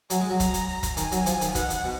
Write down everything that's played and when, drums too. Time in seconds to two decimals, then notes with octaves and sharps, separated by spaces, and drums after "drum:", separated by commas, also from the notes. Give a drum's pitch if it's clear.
0.10 F#3 G#5, drum: hi-hat
0.20 G#3
0.30 F#3
0.40 A#5, drum: kick, hi-hat
0.54 drum: hi-hat
0.83 drum: kick, hi-hat
0.97 D#3 G#5, drum: hi-hat
1.12 F#3, drum: hi-hat
1.26 F3, drum: hi-hat
1.41 D#3, drum: hi-hat
1.55 B2 F#5, drum: kick, hi-hat
1.70 drum: hi-hat
1.84 B2